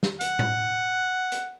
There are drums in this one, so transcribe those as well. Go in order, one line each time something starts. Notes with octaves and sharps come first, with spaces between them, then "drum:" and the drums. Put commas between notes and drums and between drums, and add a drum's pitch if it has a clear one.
drum: snare
F#5, drum: hi-hat
drum: tom A2
drum: hi-hat